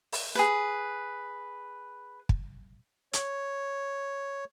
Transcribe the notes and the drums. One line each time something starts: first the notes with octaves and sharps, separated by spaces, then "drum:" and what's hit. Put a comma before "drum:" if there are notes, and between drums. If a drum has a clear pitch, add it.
drum: open hi-hat
G#4 B4
drum: kick
C#5, drum: hi-hat